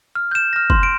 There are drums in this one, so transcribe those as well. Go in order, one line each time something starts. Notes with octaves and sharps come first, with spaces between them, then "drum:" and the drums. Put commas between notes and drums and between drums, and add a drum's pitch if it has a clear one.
F6
G6 E7
F6 A#6
C6, drum: kick
D7